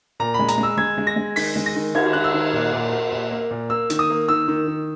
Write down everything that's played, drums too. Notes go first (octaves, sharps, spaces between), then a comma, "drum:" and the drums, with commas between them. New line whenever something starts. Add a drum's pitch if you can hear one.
A#2 A#5
B5
G#3
A#5, drum: hi-hat
G#3
E6
G#3 G#6
G#3
A#6
G#3
D#3 B6, drum: open hi-hat
G#3
A#6
D#3
D#3 G#6, drum: cymbal
D#3 F#6
E6
D#3
A#2
A#2
A#3
A#2
A#3
A#2
A#3 E6
D#3, drum: hi-hat
D#6
A#3
D#3 E6
D#3
D#3